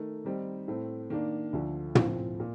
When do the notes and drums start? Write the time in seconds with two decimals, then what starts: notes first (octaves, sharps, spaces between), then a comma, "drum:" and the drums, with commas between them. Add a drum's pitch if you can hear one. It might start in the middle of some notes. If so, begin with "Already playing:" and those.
Already playing: D#3 A3 D#4 A#4
0.25 D#3 G3 C4 D#4
0.68 A2 A3 C4
1.10 D#3 A#3 D4
1.53 D2 D3 F3
1.95 A2 F3 C4, drum: tom
2.40 A#2